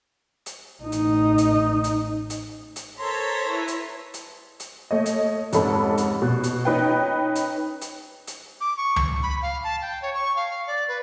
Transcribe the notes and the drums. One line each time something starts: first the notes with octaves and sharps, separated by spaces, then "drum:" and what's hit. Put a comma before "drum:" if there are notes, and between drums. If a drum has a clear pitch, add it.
drum: hi-hat
A1 D#4
drum: hi-hat
drum: hi-hat
drum: hi-hat
drum: hi-hat
drum: hi-hat
A4 A#4 C5 C#5 A#5 C6 B6
E4 B4
drum: hi-hat
drum: hi-hat
drum: hi-hat
A3 C#5 D#5
drum: hi-hat
F1 G#2 G#3 C#4 A4 B5, drum: hi-hat
drum: hi-hat
B2 F#6
drum: hi-hat
C#4 D#4 B4 G5
drum: hi-hat
drum: hi-hat
drum: hi-hat
D6
C#6
drum: tom C#2
B5
F5
A5
G5
C#5
C#6
F5
D5
B4